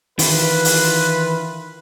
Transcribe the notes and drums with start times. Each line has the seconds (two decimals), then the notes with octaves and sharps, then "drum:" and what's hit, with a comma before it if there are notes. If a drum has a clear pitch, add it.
0.19 D#3 E3 F4 B4, drum: open hi-hat
0.65 drum: open hi-hat